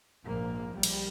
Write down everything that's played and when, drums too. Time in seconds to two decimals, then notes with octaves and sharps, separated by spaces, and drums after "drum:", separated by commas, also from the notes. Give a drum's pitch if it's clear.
0.25 A#1 G#2 A#3
0.74 A#1 A#2 G3
0.83 drum: cymbal